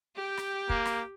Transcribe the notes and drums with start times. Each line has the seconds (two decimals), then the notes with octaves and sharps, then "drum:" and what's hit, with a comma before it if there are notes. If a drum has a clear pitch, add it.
0.15 G4 G5
0.37 drum: rim click
0.70 A#3, drum: kick
0.86 drum: rim click